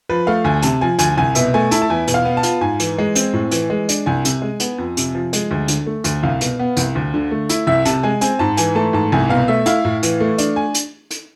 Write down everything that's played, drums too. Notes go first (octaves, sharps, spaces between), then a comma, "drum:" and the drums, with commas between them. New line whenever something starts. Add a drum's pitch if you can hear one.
F3 B4
A3 F5
D2 G#5
C3 A5, drum: hi-hat
F3 G#5
D2 G#5, drum: hi-hat
C2 G#5
B2 E5, drum: hi-hat
A3 G#5
E4 A5, drum: hi-hat
A5
E2 G#5
B2, drum: hi-hat
F5
B3
A5
F4, drum: hi-hat
G#2 G#5
E3, drum: hi-hat
G#3
C4, drum: hi-hat
A2
E3, drum: hi-hat
G#3
D4, drum: hi-hat
C2 G#5
C3, drum: hi-hat
G#3
B3, drum: hi-hat
F2
C3, drum: hi-hat
F3
G#3, drum: hi-hat
D2
D3, drum: hi-hat
A3
D2, drum: hi-hat
C2 F5
B2, drum: hi-hat
B3
C2, drum: hi-hat
D2
D3
A3
E4, drum: hi-hat
C2 E5
C3 A5, drum: hi-hat
G#3 G#5
C4 G#5, drum: hi-hat
G#2 A5
E3 G#5, drum: hi-hat
A3 A5
G#2 A5
C2 G#5
B2 F5
A3 E5
E4 F5, drum: hi-hat
A2
E3, drum: hi-hat
A3
D4, drum: hi-hat
G#5
drum: hi-hat
drum: hi-hat